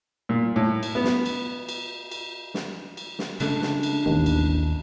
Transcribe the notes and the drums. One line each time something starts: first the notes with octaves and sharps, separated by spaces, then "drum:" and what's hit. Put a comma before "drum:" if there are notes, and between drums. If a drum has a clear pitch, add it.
A#2
A2
drum: cymbal
B3
drum: snare
drum: cymbal
drum: cymbal
drum: cymbal
drum: snare
drum: cymbal
drum: snare
C#3 G#3 A3 D4, drum: cymbal
drum: snare
drum: cymbal
E1 A1 D#2
drum: cymbal